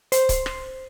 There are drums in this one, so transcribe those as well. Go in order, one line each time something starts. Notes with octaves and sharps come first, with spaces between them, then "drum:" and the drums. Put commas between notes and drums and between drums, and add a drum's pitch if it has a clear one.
C5, drum: hi-hat
drum: kick C#1, hi-hat
drum: rim click